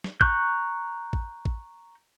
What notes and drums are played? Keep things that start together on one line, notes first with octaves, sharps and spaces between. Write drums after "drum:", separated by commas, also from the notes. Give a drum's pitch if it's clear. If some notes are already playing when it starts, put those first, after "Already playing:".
drum: snare
A#5 C#6 F#6 G6, drum: kick A1
drum: kick A1
drum: kick A1